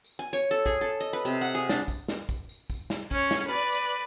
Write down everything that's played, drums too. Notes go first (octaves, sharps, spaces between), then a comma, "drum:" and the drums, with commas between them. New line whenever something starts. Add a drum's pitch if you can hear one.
drum: tambourine
G#5
C#5
A4
G#4, drum: kick, tambourine
A4
D#5
B4
C3, drum: tambourine
F#5
G#4
D4, drum: snare
drum: kick, tambourine
drum: snare
drum: kick, tambourine
drum: tambourine
drum: kick, tambourine
drum: snare
C#4 C#5, drum: kick, tambourine
drum: snare
B4 D5
drum: tambourine